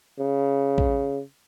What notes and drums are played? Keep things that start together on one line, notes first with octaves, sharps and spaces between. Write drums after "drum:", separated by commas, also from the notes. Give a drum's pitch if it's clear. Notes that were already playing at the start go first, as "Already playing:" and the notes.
C#3
drum: kick A#1